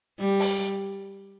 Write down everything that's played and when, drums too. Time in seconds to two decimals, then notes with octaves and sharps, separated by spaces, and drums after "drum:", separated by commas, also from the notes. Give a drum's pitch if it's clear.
0.19 G3
0.40 drum: open hi-hat